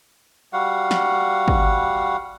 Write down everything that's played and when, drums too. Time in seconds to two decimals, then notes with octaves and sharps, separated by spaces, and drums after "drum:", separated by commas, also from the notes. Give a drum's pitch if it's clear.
0.53 G3 F#4 F5 F#5
0.91 drum: snare
1.48 drum: kick